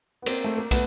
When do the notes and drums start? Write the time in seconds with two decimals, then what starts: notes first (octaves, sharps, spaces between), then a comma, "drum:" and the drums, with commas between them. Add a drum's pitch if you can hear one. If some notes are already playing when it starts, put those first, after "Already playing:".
0.22 B3
0.26 A#3 C4, drum: cymbal
0.44 A3
0.57 A#3
0.71 A3 B3, drum: kick, cymbal